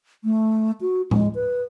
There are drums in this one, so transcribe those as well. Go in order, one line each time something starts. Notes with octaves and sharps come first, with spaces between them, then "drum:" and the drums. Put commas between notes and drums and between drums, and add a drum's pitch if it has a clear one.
A3
F#4
G#3, drum: tom A2
B4